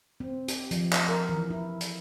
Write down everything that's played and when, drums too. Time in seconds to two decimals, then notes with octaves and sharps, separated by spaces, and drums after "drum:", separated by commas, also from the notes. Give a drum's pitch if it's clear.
0.20 C4
0.48 G4, drum: hi-hat
0.71 F3, drum: hi-hat
0.92 drum: clap
1.09 A#4
1.29 E3
1.50 E4
1.81 drum: hi-hat